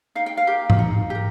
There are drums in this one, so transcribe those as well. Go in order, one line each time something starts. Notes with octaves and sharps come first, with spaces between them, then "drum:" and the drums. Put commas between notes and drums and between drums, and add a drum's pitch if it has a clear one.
D#4 F5
G5
F5
G4 A#4
drum: tom G#2
D#4
G4 A#4